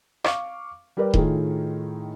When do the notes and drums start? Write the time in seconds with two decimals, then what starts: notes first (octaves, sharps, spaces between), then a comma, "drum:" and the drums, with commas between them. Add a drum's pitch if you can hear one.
0.24 F5 C#6 D6, drum: rim click
0.97 G3 G4 A#4 B4 D5
1.14 A2 D#3 F4 G#4, drum: kick D#1